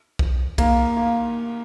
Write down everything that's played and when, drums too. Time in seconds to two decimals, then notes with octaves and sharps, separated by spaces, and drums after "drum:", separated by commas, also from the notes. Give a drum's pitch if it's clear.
0.19 drum: kick C2
0.58 A#3, drum: kick C2, cymbal
0.97 A#3